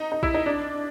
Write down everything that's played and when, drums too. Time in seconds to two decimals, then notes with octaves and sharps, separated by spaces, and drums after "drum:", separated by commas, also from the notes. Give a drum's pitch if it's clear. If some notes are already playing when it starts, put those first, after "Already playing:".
Already playing: D#4
0.12 D#4
0.23 E4, drum: kick A#1
0.34 D#4
0.46 D4